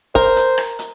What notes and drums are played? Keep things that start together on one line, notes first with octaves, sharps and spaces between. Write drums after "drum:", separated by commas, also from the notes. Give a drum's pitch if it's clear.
A#4 C5, drum: kick
drum: hi-hat
drum: rim click
drum: hi-hat